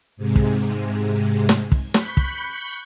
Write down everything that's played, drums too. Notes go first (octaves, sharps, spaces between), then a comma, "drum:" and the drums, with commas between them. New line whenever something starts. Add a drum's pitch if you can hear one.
G#2 C3 G#3
drum: kick
drum: snare
drum: kick
B5 C#6 F#6 G6 B6 C#7, drum: snare
drum: kick